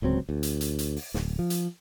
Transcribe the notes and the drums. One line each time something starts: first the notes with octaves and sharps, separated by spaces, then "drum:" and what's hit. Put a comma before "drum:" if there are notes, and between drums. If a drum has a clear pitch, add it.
D1 C#2 F#3 C4
D2
drum: hi-hat
drum: hi-hat
drum: hi-hat
drum: open hi-hat
D1, drum: snare
F3
drum: hi-hat